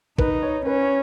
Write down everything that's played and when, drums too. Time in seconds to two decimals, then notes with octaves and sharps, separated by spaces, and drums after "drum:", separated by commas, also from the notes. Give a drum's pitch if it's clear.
0.18 D#4 B4, drum: kick
0.42 C#5
0.66 C#4 B4
0.82 C#5